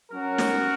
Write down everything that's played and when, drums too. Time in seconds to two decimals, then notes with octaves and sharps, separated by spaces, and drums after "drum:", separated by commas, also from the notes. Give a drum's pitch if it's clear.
0.12 F#3 C#4 F#4 A#4
0.38 drum: snare